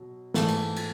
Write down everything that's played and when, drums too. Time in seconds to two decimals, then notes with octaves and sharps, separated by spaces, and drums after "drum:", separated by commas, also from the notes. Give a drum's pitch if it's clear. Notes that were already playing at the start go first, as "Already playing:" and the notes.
Already playing: B2 F#3
0.34 G#2 E3 A3, drum: snare
0.48 drum: cymbal
0.76 drum: cymbal